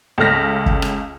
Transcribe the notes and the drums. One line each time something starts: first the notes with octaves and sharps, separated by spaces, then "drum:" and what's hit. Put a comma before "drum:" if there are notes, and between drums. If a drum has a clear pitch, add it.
C#2 C#3 A3 F6 A#6 B6
drum: kick
drum: rim click